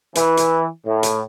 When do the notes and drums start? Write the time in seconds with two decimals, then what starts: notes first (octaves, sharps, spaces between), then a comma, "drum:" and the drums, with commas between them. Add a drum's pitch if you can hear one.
0.15 E3, drum: hi-hat
0.37 drum: hi-hat
0.86 A2
1.03 drum: hi-hat